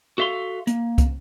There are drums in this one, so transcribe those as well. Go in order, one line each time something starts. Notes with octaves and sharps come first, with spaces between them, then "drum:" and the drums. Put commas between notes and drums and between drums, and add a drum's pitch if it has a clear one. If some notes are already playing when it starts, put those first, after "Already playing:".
F#4 A4 E5 F5 C6
A#3, drum: hi-hat
drum: kick, hi-hat